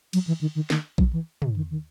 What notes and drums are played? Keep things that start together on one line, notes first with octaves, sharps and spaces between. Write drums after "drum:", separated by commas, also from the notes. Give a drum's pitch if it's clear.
F#3, drum: cymbal
E3
D#3
D#3
D#3, drum: snare
F#3, drum: kick A#1
E3
C#3, drum: tom
D#3
D#3